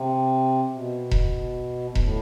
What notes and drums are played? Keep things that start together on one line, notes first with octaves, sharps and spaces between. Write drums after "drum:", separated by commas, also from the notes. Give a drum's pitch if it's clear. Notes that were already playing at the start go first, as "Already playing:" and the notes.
Already playing: C3
B2
drum: kick E1
G#2, drum: kick E1
A2